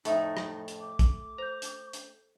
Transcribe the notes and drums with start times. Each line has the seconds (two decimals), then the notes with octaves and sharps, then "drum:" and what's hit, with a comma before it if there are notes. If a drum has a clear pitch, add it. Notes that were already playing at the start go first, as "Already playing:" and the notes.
0.05 F2 A2 A3 D#4, drum: hi-hat
0.37 drum: rim click
0.68 drum: hi-hat
0.80 D6
0.99 drum: kick, hi-hat
1.38 C5 A#5 G6
1.62 drum: hi-hat
1.93 drum: hi-hat